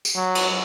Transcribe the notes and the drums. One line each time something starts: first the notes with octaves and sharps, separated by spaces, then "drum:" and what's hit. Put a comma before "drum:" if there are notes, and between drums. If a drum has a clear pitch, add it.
drum: tambourine
F#3
drum: cymbal